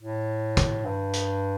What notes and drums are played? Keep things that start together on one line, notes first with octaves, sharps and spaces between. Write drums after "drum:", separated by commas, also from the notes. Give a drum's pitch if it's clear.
A2
drum: kick, hi-hat
G2
drum: hi-hat